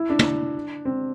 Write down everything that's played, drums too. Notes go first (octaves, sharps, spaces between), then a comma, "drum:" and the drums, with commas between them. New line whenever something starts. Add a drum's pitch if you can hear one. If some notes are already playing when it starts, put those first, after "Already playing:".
Already playing: E4
D4
drum: tom
C4